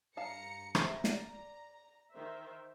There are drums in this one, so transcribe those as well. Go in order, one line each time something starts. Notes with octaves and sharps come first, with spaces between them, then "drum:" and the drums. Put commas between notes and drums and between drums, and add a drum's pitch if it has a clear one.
G2 F5 A5 A#5 C#7
C5 E5 A#5, drum: rim click
D5, drum: snare
D#3 C5 E5